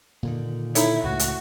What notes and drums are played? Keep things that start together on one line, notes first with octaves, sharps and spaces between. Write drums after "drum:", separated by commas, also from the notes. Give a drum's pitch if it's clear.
A#2 D3 D#3
D#4 E4 A4 C#5, drum: hi-hat
C#2 A2 F#4
drum: hi-hat